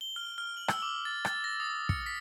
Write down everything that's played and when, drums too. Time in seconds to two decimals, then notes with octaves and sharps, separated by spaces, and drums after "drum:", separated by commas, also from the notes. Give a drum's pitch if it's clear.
0.01 G7
0.16 F6
0.38 F6
0.57 F#7
0.68 E6, drum: rim click
0.82 D6
1.05 A6
1.25 A6, drum: rim click
1.44 A#6
1.60 D#6
1.89 C#7, drum: kick
2.06 B6